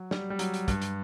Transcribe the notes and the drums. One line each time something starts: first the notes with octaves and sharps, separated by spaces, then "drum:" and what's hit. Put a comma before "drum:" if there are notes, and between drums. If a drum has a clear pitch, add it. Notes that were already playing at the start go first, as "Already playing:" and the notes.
Already playing: F#3
G3, drum: snare
G3
F#3, drum: hi-hat
drum: hi-hat
G2, drum: kick, hi-hat
drum: hi-hat